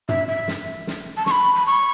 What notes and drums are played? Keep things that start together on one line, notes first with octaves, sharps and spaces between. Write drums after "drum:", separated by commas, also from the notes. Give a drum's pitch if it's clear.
E5, drum: tom
E5
drum: snare
drum: snare
A5
C#6, drum: snare
B5
B5
C#6